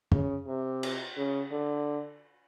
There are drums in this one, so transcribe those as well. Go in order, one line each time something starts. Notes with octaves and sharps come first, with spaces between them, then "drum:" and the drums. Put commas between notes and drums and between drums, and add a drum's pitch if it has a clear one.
C#3, drum: tom
C3
drum: cymbal
C#3
D3